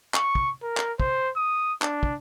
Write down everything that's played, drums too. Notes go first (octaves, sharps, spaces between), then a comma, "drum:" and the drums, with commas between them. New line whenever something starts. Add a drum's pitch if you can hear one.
C#6, drum: clap
drum: kick
A#4
drum: clap
C5, drum: kick
D#6
D4, drum: clap
drum: kick